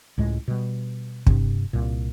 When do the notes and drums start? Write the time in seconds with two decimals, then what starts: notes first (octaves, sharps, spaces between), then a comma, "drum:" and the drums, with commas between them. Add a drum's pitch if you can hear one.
0.18 C#2 A2 G#3
0.48 B2 G3
1.27 G2 C3 C4, drum: kick
1.73 C2 A#2